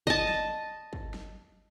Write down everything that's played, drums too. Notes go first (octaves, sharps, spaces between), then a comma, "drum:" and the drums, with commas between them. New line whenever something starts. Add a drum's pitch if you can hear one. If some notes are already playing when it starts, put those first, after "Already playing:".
D#5 A5, drum: kick
drum: snare
drum: kick
drum: snare